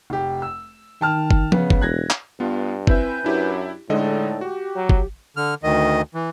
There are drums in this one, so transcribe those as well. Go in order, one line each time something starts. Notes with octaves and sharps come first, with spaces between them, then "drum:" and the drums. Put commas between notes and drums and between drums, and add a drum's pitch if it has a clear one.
F1 G4
E6
D#3 G5 A5 F6
drum: kick
C#3 B3, drum: tom F3
drum: kick
E1 F#6 G#6 A#6
drum: clap
G2 B3 F4
C4 E4 B4 E5 G#5 G6, drum: kick
F#2 D4 E4 G4
A2 D3 G#3 D#4 A4 D5 D#5
F#4 G4
F#3
drum: kick
D3 F6
D2 D#3 D#5
E3